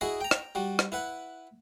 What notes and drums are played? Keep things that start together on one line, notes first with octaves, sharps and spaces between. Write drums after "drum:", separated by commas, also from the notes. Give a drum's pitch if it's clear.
E4 F#4 G#4 D#5
G5 A#5
drum: rim click
G3 F#4
drum: rim click
E4 B4 F#5